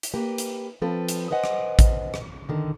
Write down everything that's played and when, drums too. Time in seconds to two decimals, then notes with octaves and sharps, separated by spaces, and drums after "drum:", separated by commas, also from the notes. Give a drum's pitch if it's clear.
0.03 drum: hi-hat
0.14 A#3 G4 B4
0.38 drum: hi-hat
0.82 F3 C4 A4 B4
1.09 drum: hi-hat
1.31 B4 C5 D#5 F#5 G#5
1.44 drum: rim click
1.79 drum: kick A1, hi-hat
2.14 drum: rim click
2.49 D3 D#3